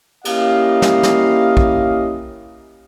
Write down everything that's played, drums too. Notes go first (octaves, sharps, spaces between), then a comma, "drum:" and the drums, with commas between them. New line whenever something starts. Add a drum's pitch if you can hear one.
A#3 C#4 E4 G4 D#5 F5, drum: cymbal
drum: snare
drum: snare
drum: kick